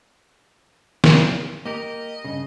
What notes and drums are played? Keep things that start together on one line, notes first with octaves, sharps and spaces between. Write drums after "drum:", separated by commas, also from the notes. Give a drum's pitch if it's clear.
drum: snare
A#3 G4 A#4 D#5
G2 C#3